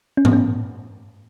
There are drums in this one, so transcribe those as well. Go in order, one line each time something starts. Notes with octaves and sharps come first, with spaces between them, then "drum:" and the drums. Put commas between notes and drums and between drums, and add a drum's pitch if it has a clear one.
C#4
B3, drum: tom G#2
C#4